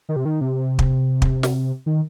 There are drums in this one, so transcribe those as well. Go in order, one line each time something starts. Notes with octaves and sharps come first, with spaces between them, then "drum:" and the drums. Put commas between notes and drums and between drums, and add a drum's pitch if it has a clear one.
D#3
C3
D#3
C3
drum: kick
drum: kick
drum: snare
D#3